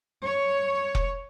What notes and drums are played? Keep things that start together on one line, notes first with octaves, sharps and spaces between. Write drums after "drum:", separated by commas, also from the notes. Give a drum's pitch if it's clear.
C#5
drum: kick F1